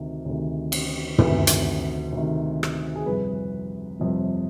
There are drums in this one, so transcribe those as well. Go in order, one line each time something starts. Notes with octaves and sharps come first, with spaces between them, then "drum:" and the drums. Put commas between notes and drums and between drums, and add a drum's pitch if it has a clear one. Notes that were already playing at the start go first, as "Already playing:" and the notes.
Already playing: D2 C3 D#3
D2 C3 D#3
drum: cymbal
D2 C3 D#3 B4, drum: tom
drum: hi-hat
D2 C3 D#3
drum: rim click
G#4
G1 F2 C3 B4
G1 F2 C3